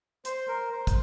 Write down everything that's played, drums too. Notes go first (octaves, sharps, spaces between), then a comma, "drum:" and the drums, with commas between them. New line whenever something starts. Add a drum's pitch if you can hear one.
C5, drum: hi-hat
A#4
C5
drum: kick, hi-hat